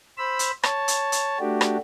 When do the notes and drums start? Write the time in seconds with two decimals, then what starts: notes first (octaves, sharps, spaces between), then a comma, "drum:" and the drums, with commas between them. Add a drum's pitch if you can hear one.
0.18 C5 B5 E6
0.39 drum: hi-hat
0.63 C#5 A5, drum: rim click
0.88 drum: hi-hat
1.12 drum: hi-hat
1.40 A3 D4 F#4 G4
1.61 drum: rim click